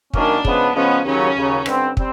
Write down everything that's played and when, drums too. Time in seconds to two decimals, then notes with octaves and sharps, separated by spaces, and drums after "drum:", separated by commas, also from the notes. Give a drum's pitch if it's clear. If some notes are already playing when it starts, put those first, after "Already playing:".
0.14 F#2 D#3 F#3 A#3 C#4 D4, drum: kick
0.45 C#3 F3 G#3 B3, drum: kick
0.75 C#3 F3 G#3 B3 C#4
1.05 D#2 C#3 F#3 C#4
1.36 D#2 C#3 F#3
1.66 G2 D3 G3 C4, drum: rim click
1.97 G3 C4, drum: kick